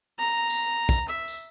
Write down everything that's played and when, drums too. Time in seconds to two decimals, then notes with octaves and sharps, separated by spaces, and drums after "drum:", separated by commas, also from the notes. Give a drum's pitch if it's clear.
0.19 A#5
0.50 drum: tambourine
0.89 drum: kick, tambourine
1.08 E5
1.28 drum: tambourine